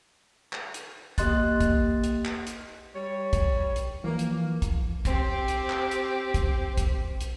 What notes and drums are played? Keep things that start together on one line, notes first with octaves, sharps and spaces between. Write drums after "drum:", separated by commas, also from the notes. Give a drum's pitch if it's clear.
drum: clap
drum: hi-hat
A#3 G4 D#5 C6 F#6 A6, drum: kick, hi-hat
drum: kick, hi-hat
drum: hi-hat
drum: clap
drum: hi-hat
G3 C#5
drum: kick, hi-hat
drum: hi-hat
E3 F3 A#3
drum: hi-hat
drum: kick, hi-hat
C4 G4, drum: kick, hi-hat
drum: hi-hat
drum: clap
drum: hi-hat
drum: kick, hi-hat
drum: kick, hi-hat
drum: hi-hat